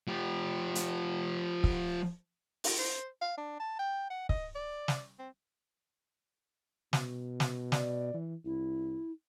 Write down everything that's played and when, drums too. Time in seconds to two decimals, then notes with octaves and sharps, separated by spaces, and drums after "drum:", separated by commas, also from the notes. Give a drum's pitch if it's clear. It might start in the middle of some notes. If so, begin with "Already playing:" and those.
0.08 F3 G4
0.75 drum: hi-hat
1.64 drum: kick
2.64 drum: open hi-hat
2.78 C5
3.21 F5
3.38 D4
3.60 A5
3.79 G5
4.10 F#5
4.29 D#5, drum: kick
4.55 D5
4.88 drum: snare
5.19 C4
6.93 B2, drum: snare
7.40 drum: snare
7.72 D5, drum: snare
8.14 E3
8.45 C2 E4